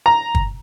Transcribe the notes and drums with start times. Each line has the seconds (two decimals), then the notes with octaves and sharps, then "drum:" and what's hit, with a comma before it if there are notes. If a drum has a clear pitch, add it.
0.06 A#5
0.35 drum: kick